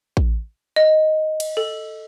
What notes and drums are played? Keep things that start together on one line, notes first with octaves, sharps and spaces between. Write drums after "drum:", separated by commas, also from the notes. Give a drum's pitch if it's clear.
drum: kick A1
D#5
drum: cymbal
A4